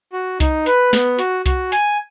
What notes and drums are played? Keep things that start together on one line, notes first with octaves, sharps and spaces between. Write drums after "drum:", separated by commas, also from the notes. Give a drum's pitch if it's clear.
F#4
D#4, drum: kick C2, hi-hat
B4, drum: hi-hat
B3, drum: snare
F#4, drum: hi-hat
F#4, drum: kick C2, hi-hat
G#5, drum: hi-hat